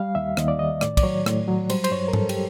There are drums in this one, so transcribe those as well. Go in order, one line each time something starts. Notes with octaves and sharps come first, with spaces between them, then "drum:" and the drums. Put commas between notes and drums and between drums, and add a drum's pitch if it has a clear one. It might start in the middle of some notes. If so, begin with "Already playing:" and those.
Already playing: G3 F5
D#2 E5
D#2 D#5, drum: rim click
D5
D#3 D#5
A2 D5, drum: rim click
D5, drum: kick, cymbal
F#3 C#5
A2, drum: rim click
F#3
G3 C5, drum: cymbal
C5, drum: cymbal
G2 C#5
A#4
G2 A4, drum: tom G#2
G4, drum: cymbal